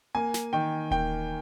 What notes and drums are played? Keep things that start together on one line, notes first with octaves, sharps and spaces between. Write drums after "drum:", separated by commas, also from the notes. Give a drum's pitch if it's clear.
A#3 G#5
drum: snare
D#3 G5
A#3 G5, drum: kick D#1